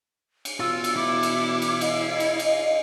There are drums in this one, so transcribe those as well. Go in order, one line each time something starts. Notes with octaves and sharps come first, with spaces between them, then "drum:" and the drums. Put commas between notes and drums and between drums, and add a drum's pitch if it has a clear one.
drum: cymbal
B2 E3 F4 E6
drum: cymbal
E4 D6
drum: cymbal
drum: cymbal
D#5 F5, drum: cymbal
drum: cymbal
drum: cymbal